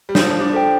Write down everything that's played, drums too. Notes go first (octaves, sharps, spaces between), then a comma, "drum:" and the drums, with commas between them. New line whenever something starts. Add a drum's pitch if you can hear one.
G3
F3 D4, drum: snare
D4
A4 C5 G5